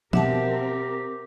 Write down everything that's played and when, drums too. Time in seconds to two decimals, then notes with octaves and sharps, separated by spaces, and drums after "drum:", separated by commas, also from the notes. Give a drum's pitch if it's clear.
0.13 B2 C4 G4 A#4 E5 F#5 A5, drum: tom F3